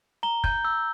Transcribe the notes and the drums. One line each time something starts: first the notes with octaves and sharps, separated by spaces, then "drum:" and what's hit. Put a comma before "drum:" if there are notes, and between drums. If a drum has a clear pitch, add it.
A#5 G7
G6, drum: kick
E6